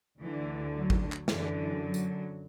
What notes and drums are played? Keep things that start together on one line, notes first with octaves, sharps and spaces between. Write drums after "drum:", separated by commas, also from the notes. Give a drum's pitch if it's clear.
D2 D3 E3
F#3
drum: kick G#1
drum: clap
F#2 D3 E3, drum: snare
F#3
drum: tambourine